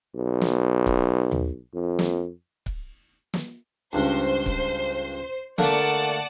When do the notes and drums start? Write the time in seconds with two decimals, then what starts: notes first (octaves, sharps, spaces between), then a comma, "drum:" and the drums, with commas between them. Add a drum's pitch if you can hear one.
0.15 B1
0.42 drum: snare
0.86 drum: kick C#1
1.31 drum: tom D#2
1.74 F2
1.99 drum: snare
2.66 drum: kick C#1
3.34 drum: snare
3.93 C#2 G2 C5
4.46 drum: kick C#1
5.58 D3 A3 A#3 D5 F#5 A5, drum: snare